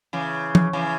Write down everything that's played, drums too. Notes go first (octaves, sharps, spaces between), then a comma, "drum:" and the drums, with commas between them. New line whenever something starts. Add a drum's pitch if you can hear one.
C#3 E3
drum: tom F3
C#3 E3